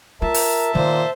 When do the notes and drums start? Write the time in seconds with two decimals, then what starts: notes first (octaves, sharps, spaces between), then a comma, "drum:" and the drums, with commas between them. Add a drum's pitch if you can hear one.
0.22 F4 A#4 E5 A5
0.34 drum: open hi-hat
0.75 A#2 D#3 C5